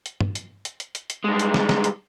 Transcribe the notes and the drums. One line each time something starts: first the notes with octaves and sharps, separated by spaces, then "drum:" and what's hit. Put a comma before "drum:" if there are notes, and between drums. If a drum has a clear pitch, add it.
drum: hi-hat
drum: tom G2
drum: hi-hat
drum: hi-hat
drum: hi-hat
drum: hi-hat
drum: hi-hat
G2 G#3
drum: hi-hat
drum: snare
drum: snare
drum: hi-hat